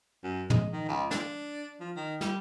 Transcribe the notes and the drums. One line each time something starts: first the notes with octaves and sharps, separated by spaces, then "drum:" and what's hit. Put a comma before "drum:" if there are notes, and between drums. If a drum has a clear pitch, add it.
F#2
G#3, drum: tom
D#3
C#2
D4, drum: snare
F3
D#3
G3, drum: snare